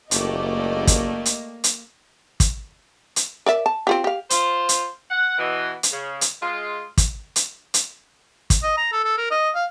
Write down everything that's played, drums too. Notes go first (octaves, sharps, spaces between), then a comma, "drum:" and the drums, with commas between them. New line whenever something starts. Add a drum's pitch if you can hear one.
F#1 A3 A#3 G4 D5 D#5, drum: hi-hat
drum: kick, hi-hat
drum: hi-hat
drum: hi-hat
drum: kick, hi-hat
drum: hi-hat
A#4 D5 E5
A5
C4 F4 G4
G4 F5
F4 C5, drum: hi-hat
drum: hi-hat
F#5
B2 E3
drum: hi-hat
C#3
drum: hi-hat
G#3 F4
drum: kick, hi-hat
drum: hi-hat
drum: hi-hat
drum: kick, hi-hat
D#5
A#5
A4
A4
A#4
D#5
F5